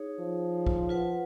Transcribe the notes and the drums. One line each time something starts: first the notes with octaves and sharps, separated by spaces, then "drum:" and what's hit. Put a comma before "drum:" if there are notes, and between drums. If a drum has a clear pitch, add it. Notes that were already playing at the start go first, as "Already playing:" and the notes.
Already playing: D#4 G#4 C#5
F3
drum: kick
F4 B4 F#5